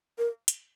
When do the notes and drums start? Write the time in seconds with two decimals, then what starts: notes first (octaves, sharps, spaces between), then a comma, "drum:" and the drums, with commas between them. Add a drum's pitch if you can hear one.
0.18 A#4
0.48 drum: hi-hat